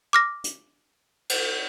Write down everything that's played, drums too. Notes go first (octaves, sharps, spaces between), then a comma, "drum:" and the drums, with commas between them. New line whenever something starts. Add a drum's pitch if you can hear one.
D6 F6 A#6
drum: hi-hat
drum: cymbal